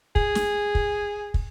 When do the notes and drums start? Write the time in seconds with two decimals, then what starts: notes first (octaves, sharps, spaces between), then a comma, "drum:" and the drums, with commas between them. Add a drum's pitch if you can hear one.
0.15 G#4, drum: kick
0.35 drum: snare
0.75 drum: kick
1.34 drum: kick